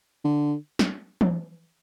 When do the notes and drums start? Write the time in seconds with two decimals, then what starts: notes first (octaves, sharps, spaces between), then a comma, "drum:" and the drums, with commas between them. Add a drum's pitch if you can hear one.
0.24 D3
0.79 drum: snare
1.21 drum: tom E3